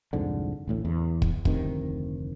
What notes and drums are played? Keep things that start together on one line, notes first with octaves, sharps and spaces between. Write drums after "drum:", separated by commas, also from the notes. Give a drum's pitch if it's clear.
C2 F2 G#2 D3
A1 D2 A2
E2
drum: kick
F1 D2 C3 D#3, drum: kick